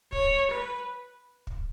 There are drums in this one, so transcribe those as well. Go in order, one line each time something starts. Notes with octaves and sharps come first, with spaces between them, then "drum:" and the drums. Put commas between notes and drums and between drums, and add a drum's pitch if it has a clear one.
C#5, drum: kick
B4
drum: kick